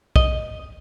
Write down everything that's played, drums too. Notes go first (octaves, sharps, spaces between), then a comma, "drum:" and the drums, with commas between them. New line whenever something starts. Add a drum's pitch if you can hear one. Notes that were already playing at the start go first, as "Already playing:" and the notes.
D#5, drum: kick